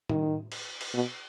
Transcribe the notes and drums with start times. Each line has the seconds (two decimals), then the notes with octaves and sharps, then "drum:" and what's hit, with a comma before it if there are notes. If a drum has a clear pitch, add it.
0.09 D#3, drum: tom
0.52 drum: cymbal
0.81 drum: cymbal
0.94 B2